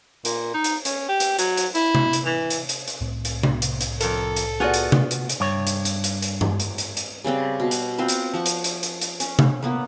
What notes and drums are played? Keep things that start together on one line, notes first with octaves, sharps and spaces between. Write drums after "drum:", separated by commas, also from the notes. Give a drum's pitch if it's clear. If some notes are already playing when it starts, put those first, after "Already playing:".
A#2, drum: hi-hat
D#4
drum: hi-hat
C#4, drum: hi-hat
G4
drum: hi-hat
F#3, drum: hi-hat
drum: hi-hat
E4, drum: hi-hat
drum: tom C3
drum: hi-hat
E3
drum: hi-hat
drum: hi-hat
drum: hi-hat
C2 A2 C4
drum: hi-hat
drum: tom C3
drum: hi-hat
drum: hi-hat
F2 A4 A#4, drum: hi-hat
drum: hi-hat
B3 F4 F#4 G#4 D5
drum: hi-hat
drum: tom C3
drum: hi-hat
drum: hi-hat
G2 C#5
drum: hi-hat
drum: hi-hat
drum: hi-hat
drum: hi-hat
drum: tom G2
drum: hi-hat
drum: hi-hat
drum: hi-hat
C#3 G3 C4 B4
B2
drum: hi-hat
C4 F4 B4
drum: hi-hat
F3 F#5 C#6
drum: hi-hat
drum: hi-hat
drum: hi-hat
drum: hi-hat
C#4, drum: hi-hat
drum: tom C3
A#3 B3 B4